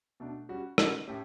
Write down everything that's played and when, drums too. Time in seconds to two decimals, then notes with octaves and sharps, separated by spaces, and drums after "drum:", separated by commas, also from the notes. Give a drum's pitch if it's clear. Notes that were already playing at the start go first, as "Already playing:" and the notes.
0.20 B2 A3 D4
0.49 G3 C#4 F#4
0.78 G3 C#4 F#4, drum: rim click
1.07 A2 A3 C#4 G4